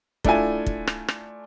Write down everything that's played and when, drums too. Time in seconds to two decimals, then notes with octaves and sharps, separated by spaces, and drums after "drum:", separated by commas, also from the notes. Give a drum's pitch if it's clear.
0.24 A3 D4 E4 F4 G#5, drum: kick
0.66 drum: kick
0.87 drum: rim click
1.08 drum: rim click